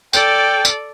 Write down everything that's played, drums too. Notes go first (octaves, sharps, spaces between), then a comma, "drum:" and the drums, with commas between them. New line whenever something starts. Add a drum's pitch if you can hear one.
A4 D5 G5, drum: tambourine
drum: tambourine